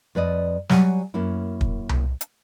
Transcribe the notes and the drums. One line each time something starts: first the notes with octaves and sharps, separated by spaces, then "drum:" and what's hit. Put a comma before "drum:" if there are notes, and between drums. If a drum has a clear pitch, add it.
F2 B4 D5 D#5
F#3 G3 F#5 G#5, drum: snare
F#2 A#3 C#4 E4
drum: kick
drum: tom C2
drum: hi-hat